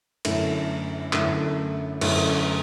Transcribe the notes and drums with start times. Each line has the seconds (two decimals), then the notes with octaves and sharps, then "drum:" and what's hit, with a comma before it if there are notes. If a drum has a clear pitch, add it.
0.25 F#2 D3 A3 E4, drum: cymbal
1.13 F#2 D3 A3 E4, drum: clap
2.01 F#2 D3 A3 E4, drum: cymbal